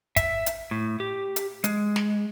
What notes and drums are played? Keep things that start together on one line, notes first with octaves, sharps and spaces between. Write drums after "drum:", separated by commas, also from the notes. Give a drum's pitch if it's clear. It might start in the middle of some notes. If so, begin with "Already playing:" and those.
E5, drum: kick, hi-hat
drum: hi-hat
A2
G4
drum: hi-hat
G#3, drum: hi-hat
drum: snare